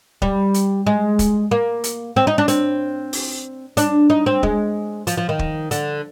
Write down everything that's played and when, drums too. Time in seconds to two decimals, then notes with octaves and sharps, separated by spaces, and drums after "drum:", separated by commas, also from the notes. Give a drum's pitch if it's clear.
0.22 G3, drum: kick
0.54 drum: hi-hat
0.86 G#3
1.19 drum: kick, hi-hat
1.51 A#3
1.84 drum: hi-hat
2.16 C4
2.27 D#4
2.38 D4
2.48 C4, drum: hi-hat
3.13 drum: open hi-hat
3.77 D4, drum: hi-hat
4.10 D#4
4.26 C4
4.43 G#3, drum: kick
5.07 F3, drum: hi-hat
5.17 F3
5.29 D#3
5.39 drum: kick
5.71 D3, drum: hi-hat